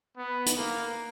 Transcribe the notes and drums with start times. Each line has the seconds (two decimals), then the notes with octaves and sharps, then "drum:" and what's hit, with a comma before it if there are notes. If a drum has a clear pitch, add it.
0.17 B3
0.46 drum: hi-hat
0.57 A#3